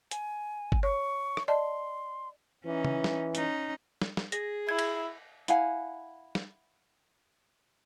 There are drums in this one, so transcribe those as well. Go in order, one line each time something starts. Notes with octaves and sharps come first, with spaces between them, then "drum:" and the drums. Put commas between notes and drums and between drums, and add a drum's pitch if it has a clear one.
G#5, drum: hi-hat
drum: kick G1
C#5 C#6
drum: rim click
D5 D#5 A5 C6
E3 C#4 D#4
drum: tom
drum: snare
C#4 D#4, drum: hi-hat
drum: snare
drum: snare
G#4 A#6, drum: hi-hat
E4 G#6
drum: cymbal
E4 F5 F#5 G#5, drum: hi-hat
drum: snare